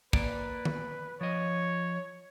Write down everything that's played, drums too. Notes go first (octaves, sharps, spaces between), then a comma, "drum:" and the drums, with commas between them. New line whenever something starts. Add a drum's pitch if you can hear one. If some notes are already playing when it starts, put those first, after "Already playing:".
A#3 B4 D5, drum: kick
drum: tom D#3
F3 C#5 D#5